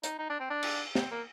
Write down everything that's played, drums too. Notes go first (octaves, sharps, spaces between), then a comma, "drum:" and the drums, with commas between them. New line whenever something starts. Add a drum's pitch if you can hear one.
D#4, drum: hi-hat
D#4
D4
C4
D4
drum: cymbal
C4, drum: snare
A#3